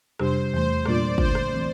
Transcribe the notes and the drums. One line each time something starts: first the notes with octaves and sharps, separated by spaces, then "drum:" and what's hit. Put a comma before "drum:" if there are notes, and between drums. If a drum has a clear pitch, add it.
F2 C3 G3 D4 G4 C5, drum: rim click
E2 E3 A3 C5
A#2 G3 A#3 D4 F4 D5, drum: rim click
D3 A3 D4 F4 C5, drum: kick
drum: rim click
E3 A3 C4